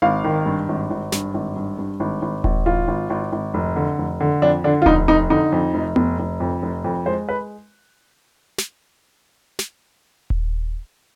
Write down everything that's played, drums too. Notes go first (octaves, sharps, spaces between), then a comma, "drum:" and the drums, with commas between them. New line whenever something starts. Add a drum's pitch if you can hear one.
G#1 F5
D#3
G2
G#1
G#1
G2, drum: snare
G#1
G2
G2
G#1
G#1
G#1, drum: kick D#1
G#1 F4
G#1
G#1
G#1
F1
D3
F1
D3
F2 D4
D3 D4
F4
F1 D#4, drum: kick D#1
F1 D#4
D3 D#4
F2
F1
F1, drum: tom B3
F1
F2
F1
F2
G#3 C5
B4
drum: snare
drum: snare
drum: kick D#1